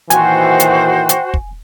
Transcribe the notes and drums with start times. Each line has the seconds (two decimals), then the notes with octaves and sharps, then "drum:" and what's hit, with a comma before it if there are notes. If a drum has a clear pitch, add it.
0.10 A#2 D#3 E3 F#4 C5 G5 G#5, drum: hi-hat
0.60 drum: hi-hat
1.09 drum: hi-hat
1.34 drum: kick